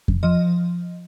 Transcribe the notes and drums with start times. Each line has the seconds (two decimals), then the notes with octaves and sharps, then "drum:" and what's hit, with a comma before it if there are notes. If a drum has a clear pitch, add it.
0.08 drum: kick F2
0.23 F3 D#5